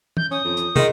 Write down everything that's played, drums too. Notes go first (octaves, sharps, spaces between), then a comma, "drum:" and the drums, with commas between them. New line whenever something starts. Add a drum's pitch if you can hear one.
G6, drum: tom
C#4 D#6
F2
drum: hi-hat
D#3 G#4 D#5, drum: tom